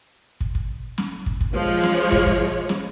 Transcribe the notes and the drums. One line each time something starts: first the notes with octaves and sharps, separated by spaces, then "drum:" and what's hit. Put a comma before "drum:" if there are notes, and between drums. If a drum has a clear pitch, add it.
drum: kick
drum: kick
drum: snare
drum: kick
drum: kick
F3 G#3 C#5
drum: snare
drum: kick
drum: kick
drum: snare